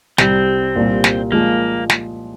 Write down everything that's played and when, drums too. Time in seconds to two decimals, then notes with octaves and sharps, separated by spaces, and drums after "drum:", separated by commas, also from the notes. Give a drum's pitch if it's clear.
0.18 C2 C3 G3 C4, drum: snare
0.75 C2 A#2 G3
1.04 drum: snare
1.32 A#2 F3 G#3 A#3
1.90 drum: snare